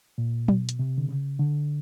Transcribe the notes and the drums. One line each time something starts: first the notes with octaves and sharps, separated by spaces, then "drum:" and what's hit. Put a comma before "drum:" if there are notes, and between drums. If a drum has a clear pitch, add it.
A#2
B2, drum: tom F#3
drum: hi-hat
C3
D3
C#3
D3